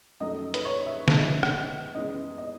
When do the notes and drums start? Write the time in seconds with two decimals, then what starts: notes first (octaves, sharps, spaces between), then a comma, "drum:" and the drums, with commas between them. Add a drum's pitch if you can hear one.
0.20 F#2 D#3 F#3 A3 D#5
0.54 B4, drum: hi-hat
0.65 C#5
0.86 E5
1.08 C#3 G#3 B3, drum: snare
1.43 drum: rim click
1.94 F#2 C#3 E3 G#3 B3 D#5
2.38 D#5